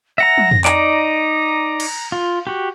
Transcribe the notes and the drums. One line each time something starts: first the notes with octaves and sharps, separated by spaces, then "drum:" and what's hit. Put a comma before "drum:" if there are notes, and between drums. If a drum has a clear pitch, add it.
E5 F#5 A#5 A#6
drum: tom
drum: tom F2
D#4 D5 A#5, drum: clap
drum: cymbal
F4
F#4 G4